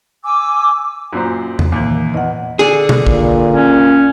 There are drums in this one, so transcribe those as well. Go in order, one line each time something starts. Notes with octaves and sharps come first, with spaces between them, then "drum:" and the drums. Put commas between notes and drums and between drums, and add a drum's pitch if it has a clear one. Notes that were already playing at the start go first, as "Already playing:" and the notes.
G#5 D6 E6
F#2 A#2 C5
drum: tom E2
D#2 A#2 E3
E2 D#5 F#5
D3 G#4
drum: tom B2
A#2, drum: kick A1
C#4